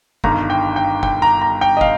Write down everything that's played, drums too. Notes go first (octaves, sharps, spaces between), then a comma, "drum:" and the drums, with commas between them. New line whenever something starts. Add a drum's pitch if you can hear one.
G1 G2 D#3 A#5, drum: kick
G5
G5
G5, drum: kick
A#5
A#5
G5
D#5
F5, drum: kick